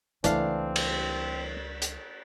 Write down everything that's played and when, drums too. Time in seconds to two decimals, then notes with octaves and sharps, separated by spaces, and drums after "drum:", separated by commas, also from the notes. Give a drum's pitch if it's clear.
0.24 C#2 E3 G3 A3 C4 D4 F5, drum: hi-hat
0.76 drum: cymbal
1.82 drum: hi-hat